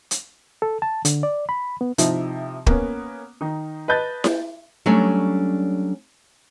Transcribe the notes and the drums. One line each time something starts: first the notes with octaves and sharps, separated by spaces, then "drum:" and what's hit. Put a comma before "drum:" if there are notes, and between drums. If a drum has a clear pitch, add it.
drum: hi-hat
A4
A5
D3, drum: hi-hat
D5
B5
B3
C3 F3 D#4 E4, drum: hi-hat
A#3 B3 C#4, drum: kick
D#3 D#4
B4 D#5 A5 G6 A6
drum: snare E4
F#3 G3 A3 C#4 D4